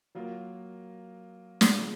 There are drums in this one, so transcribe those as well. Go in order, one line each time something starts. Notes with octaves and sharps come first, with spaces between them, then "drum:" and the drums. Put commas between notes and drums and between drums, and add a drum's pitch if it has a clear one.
F#3 A#3 F4 A#4
drum: snare
C#3 F3 G#3